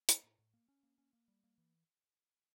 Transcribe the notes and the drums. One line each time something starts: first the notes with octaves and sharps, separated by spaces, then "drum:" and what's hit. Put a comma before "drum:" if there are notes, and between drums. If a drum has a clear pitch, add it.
A#3, drum: hi-hat
A2
A2
A#3
C#4
A#3
C#4
A#3
G3
A#3
E3